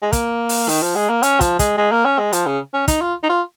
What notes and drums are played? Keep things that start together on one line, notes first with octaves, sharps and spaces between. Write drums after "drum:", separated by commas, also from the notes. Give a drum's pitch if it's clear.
G#3
A#3, drum: kick, hi-hat
drum: open hi-hat
D#3, drum: open hi-hat
F3
G#3
A#3
C#4, drum: hi-hat
F3, drum: kick, hi-hat
G#3, drum: kick, hi-hat
G#3
A#3
C#4
G#3
F3, drum: hi-hat
C#3
C#4
D#4, drum: kick, hi-hat
F4
D#4
F4